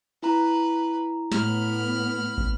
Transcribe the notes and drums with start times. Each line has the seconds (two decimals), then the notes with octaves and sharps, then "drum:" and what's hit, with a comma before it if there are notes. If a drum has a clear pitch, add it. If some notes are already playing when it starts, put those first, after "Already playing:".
0.23 E4 B4 A#5
1.32 A2 B3 B5 F6, drum: snare
2.38 drum: kick